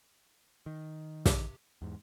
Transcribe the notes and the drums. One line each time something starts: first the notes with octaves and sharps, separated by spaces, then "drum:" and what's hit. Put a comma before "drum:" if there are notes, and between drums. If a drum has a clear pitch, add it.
D#3
G2 C3 G4, drum: snare
E2 G#2